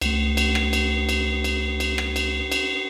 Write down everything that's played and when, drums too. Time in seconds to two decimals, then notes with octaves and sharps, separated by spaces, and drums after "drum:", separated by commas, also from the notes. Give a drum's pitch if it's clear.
0.01 C#2 A3, drum: cymbal
0.37 drum: cymbal
0.55 drum: rim click
0.73 drum: cymbal
1.09 drum: cymbal
1.44 drum: cymbal
1.80 drum: cymbal
1.98 drum: rim click
2.16 drum: cymbal
2.52 drum: cymbal